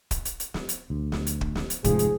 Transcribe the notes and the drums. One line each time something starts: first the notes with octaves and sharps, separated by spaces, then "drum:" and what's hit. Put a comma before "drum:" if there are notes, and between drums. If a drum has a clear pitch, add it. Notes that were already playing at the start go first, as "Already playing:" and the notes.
drum: kick, hi-hat
drum: hi-hat
drum: hi-hat
drum: snare
drum: hi-hat
D2
drum: snare
drum: hi-hat
drum: kick
drum: snare
drum: hi-hat
F1 G#2 F3 G#4, drum: kick, hi-hat
drum: hi-hat